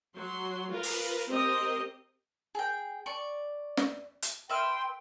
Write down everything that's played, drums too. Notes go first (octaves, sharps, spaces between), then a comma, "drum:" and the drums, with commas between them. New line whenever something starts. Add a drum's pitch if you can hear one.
F#3 C6
F4 A#4 B4
drum: open hi-hat
C4 G4 A#4 C5 D#5
G#4 G5
D5 C#6
drum: snare
drum: hi-hat
B4 E5 G5 C6 F6